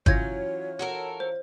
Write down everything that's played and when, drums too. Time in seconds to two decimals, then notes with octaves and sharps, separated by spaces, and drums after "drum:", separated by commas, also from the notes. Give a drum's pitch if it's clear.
0.06 E3 F#3 C#4 F4 C#5 G6 G#6 A#6, drum: kick
0.79 F#4 A4 A#4
1.20 C5